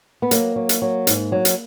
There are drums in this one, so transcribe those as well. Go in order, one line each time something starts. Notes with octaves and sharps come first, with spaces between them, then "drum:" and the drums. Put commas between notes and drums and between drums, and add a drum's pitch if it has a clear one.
B3
F#3 A#3, drum: hi-hat
F#3
drum: hi-hat
F#3
G#2, drum: hi-hat
F#3
drum: hi-hat